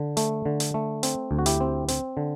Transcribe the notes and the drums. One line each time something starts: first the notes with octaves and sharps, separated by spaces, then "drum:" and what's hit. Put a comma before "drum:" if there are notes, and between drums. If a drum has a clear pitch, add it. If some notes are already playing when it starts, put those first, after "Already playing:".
Already playing: D3
A3, drum: hi-hat
D3
drum: hi-hat
A3
C4, drum: hi-hat
D2
F#4
E4 G4, drum: hi-hat
C4
C4, drum: hi-hat
D3